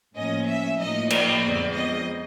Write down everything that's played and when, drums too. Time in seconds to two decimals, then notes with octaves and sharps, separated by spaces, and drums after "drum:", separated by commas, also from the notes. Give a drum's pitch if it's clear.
0.14 A2 F3 A#3 C#4 D#5
0.46 E5
0.78 A2 F3 A#3 D#4 D#5
1.10 D5, drum: cymbal
1.43 F2 D3 F3 G#3 B3
1.74 D#5